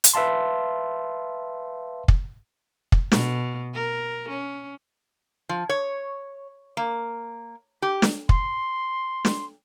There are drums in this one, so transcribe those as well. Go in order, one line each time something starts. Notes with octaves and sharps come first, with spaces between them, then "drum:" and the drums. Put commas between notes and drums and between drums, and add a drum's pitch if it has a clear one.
drum: hi-hat
B4 E5 F5 A5 C6
drum: kick
drum: kick
B2, drum: snare
A#4
C#4
F3
C#5
A#3
G4
drum: snare
C6, drum: kick
drum: snare